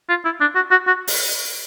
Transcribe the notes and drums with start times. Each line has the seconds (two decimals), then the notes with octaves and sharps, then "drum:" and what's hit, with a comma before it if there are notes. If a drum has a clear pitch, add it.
0.09 F4
0.25 E4
0.41 D4
0.55 F#4
0.71 F#4
0.87 F#4
1.08 drum: open hi-hat